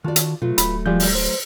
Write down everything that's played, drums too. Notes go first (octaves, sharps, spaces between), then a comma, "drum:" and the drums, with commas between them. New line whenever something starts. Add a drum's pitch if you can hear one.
D#3 F4 F#4 D5 A5
drum: hi-hat
B2 F#3 A3 F4 B4
D1 B5, drum: hi-hat
F3 G3 G#3 C4 G6
drum: open hi-hat
B4 C5